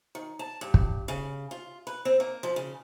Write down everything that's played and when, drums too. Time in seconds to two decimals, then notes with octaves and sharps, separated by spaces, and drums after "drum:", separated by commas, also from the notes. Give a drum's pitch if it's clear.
0.15 D#3
0.39 A5
0.61 G2
0.74 drum: kick
1.08 C#3
1.51 F4
1.87 B4
2.05 C4
2.20 A#3
2.43 F3
2.56 C#3